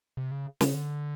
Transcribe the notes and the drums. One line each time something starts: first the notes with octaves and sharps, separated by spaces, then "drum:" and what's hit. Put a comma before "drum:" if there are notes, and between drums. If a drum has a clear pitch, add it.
C3
C#3
C#3, drum: snare
D3